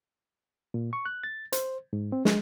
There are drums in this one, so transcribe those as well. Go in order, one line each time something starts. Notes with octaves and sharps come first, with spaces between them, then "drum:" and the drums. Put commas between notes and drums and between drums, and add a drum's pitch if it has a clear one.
A#2
C#6
F#6
A6
C5, drum: hi-hat
G#2
C4
G#3, drum: snare